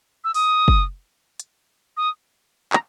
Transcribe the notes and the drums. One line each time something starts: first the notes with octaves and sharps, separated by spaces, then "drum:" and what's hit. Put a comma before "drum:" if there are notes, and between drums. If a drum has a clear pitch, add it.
E6
D#6, drum: open hi-hat
drum: kick
drum: hi-hat
D#6
A#5, drum: clap